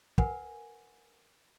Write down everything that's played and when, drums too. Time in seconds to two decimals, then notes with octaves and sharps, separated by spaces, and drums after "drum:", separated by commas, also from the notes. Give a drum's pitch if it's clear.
0.18 A#4 B4 F#5 G#5, drum: kick